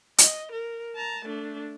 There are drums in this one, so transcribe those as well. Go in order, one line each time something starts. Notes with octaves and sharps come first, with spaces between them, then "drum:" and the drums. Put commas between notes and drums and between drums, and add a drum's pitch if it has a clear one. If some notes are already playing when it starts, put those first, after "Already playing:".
D#5, drum: hi-hat
A#4
A5 A#5
A3 D4